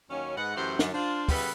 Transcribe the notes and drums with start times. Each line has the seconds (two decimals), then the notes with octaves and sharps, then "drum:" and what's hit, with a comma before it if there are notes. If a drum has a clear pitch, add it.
0.09 D#2 F#3 C#4
0.36 G#2 G#3 B4 F#5
0.55 F#2 E3 A3 G4 C5 F#5
0.79 F#2, drum: snare
0.94 D4 F4 C5
1.29 C#3 G3 B3 A4 B4, drum: kick, open hi-hat